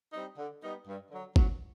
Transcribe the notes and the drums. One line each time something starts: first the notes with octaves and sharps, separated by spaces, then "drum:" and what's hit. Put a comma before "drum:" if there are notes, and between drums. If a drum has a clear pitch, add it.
G3 C4 D#4
D3
G3 B3 D#4
G2
D3 F#3
F#3, drum: kick